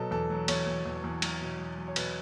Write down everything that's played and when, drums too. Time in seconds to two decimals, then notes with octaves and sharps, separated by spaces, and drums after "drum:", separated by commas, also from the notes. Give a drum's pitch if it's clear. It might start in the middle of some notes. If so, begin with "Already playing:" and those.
Already playing: B2 F#3 A4
0.11 E2 A4
0.30 F#3
0.48 E2 C#5, drum: cymbal
0.67 E2
0.86 E2
1.04 E2
1.22 F#3, drum: cymbal
1.41 B2
1.59 F#3
1.78 F#3
1.88 C#5
1.96 B2 B4, drum: cymbal